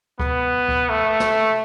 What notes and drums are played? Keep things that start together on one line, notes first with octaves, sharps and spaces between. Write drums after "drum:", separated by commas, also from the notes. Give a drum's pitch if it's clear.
B3, drum: kick C#2
drum: kick C#2
A3
drum: snare